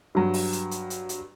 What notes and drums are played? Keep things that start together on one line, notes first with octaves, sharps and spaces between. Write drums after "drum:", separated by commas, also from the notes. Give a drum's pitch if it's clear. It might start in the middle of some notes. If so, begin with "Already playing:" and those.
G2 F#3
drum: open hi-hat
drum: hi-hat
drum: hi-hat
drum: hi-hat
drum: hi-hat